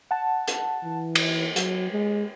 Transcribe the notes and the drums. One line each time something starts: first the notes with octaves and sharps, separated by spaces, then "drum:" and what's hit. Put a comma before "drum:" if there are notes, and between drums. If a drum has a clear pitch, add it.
F#5 A5
drum: hi-hat
E3
drum: cymbal
F#3, drum: hi-hat
G#3